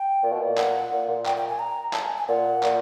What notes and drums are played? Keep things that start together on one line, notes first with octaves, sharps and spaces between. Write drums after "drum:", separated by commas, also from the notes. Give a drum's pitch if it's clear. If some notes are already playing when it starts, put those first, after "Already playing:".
Already playing: G5
A#2
B2
A#2
F#5, drum: clap
A#2
A#2
G5, drum: clap
G5
G#5
A#5
A5, drum: clap
G#5
G#5
A#2 F#5
A#2, drum: clap